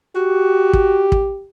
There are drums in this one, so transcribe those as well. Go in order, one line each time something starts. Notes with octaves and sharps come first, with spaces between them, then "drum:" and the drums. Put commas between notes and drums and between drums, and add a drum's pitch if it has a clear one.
F#4 G4
drum: kick
drum: kick